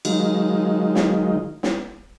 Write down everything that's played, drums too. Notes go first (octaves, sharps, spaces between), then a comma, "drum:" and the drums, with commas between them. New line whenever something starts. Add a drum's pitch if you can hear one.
D#3 F#3 G#3 D#4 F4, drum: cymbal
drum: snare
drum: snare